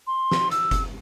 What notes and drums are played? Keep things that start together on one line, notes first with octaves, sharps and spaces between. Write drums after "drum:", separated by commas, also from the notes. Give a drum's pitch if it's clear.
C6
drum: snare
E6, drum: hi-hat
drum: kick F#1, hi-hat